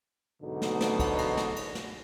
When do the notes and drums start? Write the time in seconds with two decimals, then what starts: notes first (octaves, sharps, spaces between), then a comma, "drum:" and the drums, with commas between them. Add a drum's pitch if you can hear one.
0.43 B1 G#2 B2 D3 D#4
0.62 drum: snare
0.81 drum: snare
1.00 drum: kick, cymbal
1.18 drum: cymbal
1.37 drum: snare
1.56 drum: cymbal
1.75 drum: snare